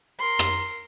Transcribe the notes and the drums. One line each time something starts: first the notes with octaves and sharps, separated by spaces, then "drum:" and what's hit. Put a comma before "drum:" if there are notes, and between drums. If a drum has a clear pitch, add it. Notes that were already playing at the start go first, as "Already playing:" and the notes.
A#4 C6
drum: rim click